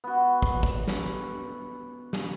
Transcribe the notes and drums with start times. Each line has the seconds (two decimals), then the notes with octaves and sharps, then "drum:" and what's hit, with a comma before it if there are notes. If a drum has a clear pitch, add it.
0.04 B3 F#4
0.42 drum: kick
0.63 drum: kick
0.88 drum: snare
2.13 drum: snare